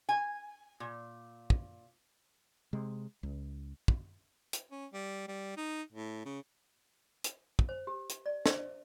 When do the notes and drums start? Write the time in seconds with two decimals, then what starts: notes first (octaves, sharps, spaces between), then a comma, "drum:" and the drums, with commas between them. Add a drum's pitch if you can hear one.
0.09 G#5
0.80 A#2
1.50 drum: kick
2.73 C3 G#3
3.23 C#2
3.88 drum: kick
4.53 drum: hi-hat
4.71 C#4
4.93 G3
5.28 G3
5.57 D#4
5.93 A2
6.25 C#3
7.24 drum: hi-hat
7.59 drum: kick
7.69 C5
7.87 G4
8.09 drum: hi-hat
8.26 D5
8.46 C5, drum: snare